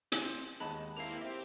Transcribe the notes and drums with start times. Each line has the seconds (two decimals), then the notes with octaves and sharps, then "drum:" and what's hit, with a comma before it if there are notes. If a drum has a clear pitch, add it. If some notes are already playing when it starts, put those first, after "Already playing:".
0.12 drum: hi-hat
0.22 C4
0.60 D#2 G#3 B3 D#4 A5 B5
0.96 A#3 C4 E4 F5 F7
1.21 C4 G4 E5